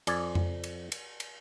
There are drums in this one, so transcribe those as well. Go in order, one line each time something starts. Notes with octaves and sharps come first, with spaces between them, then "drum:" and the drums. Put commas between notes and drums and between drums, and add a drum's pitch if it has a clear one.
F2 D5 G#5, drum: cymbal
drum: tom F2
drum: cymbal
drum: cymbal
drum: cymbal